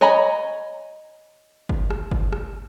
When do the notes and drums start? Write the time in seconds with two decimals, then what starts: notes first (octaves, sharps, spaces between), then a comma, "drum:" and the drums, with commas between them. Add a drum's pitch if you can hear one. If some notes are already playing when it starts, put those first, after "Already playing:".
0.01 C#5 D#5 G#5 A#5 B5
1.69 drum: kick
1.90 drum: rim click
2.11 drum: kick
2.33 drum: rim click